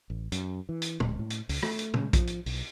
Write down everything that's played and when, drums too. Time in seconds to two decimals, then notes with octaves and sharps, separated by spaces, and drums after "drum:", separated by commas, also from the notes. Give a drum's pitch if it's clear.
0.10 A1
0.32 F#2, drum: hi-hat
0.69 E3
0.82 drum: hi-hat
1.00 D1, drum: tom
1.19 A2
1.30 drum: hi-hat
1.49 C#2, drum: open hi-hat
1.63 A3, drum: rim click
1.79 drum: hi-hat
1.94 C#3, drum: tom
2.13 F3, drum: kick A#1, hi-hat
2.27 drum: hi-hat
2.46 B1, drum: open hi-hat